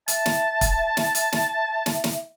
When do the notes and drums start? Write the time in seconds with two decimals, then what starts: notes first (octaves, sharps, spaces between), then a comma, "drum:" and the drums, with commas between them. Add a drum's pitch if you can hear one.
0.08 E5 A5, drum: hi-hat
0.26 drum: snare
0.61 drum: kick, hi-hat
0.97 drum: snare
1.15 drum: hi-hat
1.32 drum: snare
1.86 drum: snare
2.04 drum: snare